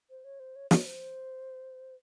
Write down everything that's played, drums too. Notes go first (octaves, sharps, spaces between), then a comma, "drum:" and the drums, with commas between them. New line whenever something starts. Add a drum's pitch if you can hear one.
C5
C#5
C5
C#5
C#5, drum: snare
C5